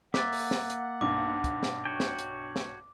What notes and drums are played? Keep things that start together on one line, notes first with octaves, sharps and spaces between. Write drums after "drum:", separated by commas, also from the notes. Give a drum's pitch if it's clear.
A#3 E5 F#5 D6 F#6 A6, drum: snare
drum: open hi-hat
drum: snare
drum: hi-hat
B1 G2 D6
drum: kick, hi-hat
drum: snare
F#4 C#5 G5
drum: snare
drum: hi-hat
drum: snare